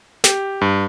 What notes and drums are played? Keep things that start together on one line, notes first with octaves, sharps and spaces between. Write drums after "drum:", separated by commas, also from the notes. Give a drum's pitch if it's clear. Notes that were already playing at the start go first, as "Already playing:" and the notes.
G4, drum: snare
G2